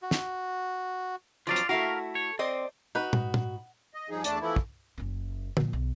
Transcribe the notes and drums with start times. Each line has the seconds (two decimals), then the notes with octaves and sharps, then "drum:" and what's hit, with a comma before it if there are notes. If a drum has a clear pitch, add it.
0.02 F#4
0.11 drum: snare
1.47 F3 F#3 C4 F4 D5 F5
1.56 drum: hi-hat
1.69 A3 E4 F#4 A#4 F5
2.15 C#5
2.39 C4 C5 D5 D#5
2.95 D#4 F#4 B4
3.13 G#2, drum: tom
3.34 drum: tom
3.94 D#5
4.10 G2 F3 D#4 G#4
4.24 E2 A3 D4 D5 A5, drum: hi-hat
4.41 E3 F3 A3 B3 E4
4.56 drum: kick
4.98 F#1 C#4
5.57 A#2 F3, drum: tom
5.73 B1